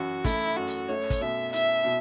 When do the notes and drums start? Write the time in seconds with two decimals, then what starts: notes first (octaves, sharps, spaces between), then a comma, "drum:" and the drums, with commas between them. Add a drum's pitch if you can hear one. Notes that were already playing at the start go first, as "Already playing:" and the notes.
Already playing: F#2 E3 F#4
0.24 A3 E4, drum: kick, hi-hat
0.56 F#2 F#4
0.67 drum: hi-hat
0.89 A3 C#5
1.10 drum: kick, hi-hat
1.21 B2 E5
1.53 E4 E5, drum: hi-hat
1.85 B2